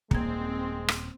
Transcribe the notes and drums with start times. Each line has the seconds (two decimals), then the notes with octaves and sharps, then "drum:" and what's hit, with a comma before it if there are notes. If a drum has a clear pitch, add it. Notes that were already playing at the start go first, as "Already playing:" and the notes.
0.11 D#1 G#3 A#3 C4 G#6, drum: kick
0.88 drum: rim click